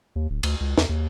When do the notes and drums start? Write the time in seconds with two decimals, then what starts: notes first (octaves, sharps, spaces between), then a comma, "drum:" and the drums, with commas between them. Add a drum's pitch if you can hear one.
0.16 D#2
0.30 D1
0.43 D2, drum: cymbal
0.60 C#2
0.78 E2, drum: snare
0.89 D#2